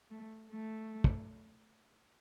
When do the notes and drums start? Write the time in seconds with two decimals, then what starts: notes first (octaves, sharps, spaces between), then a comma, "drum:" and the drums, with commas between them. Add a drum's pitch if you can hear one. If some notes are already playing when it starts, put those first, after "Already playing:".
0.10 A3
0.51 A3
1.04 drum: kick